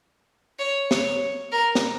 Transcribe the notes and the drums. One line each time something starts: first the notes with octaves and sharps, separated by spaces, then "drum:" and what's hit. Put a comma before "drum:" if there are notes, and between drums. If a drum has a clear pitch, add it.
C#5
C#5, drum: snare
A#4
drum: snare